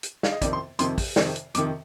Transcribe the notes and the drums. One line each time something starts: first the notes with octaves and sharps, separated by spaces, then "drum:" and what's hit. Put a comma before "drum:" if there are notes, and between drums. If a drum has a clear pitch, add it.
drum: hi-hat
F5, drum: snare
D#5
F2 C3 D#3 D5, drum: kick, hi-hat
C6
F2 C3 D#3 C6, drum: hi-hat
drum: kick, open hi-hat
F2 C3 D#3, drum: snare
drum: hi-hat
F2 C3 D#3 D6, drum: hi-hat